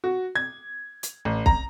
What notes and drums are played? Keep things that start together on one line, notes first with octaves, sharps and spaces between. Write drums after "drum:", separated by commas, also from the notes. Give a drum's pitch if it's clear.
F#4
G#6
drum: hi-hat
A1
A#5, drum: kick B1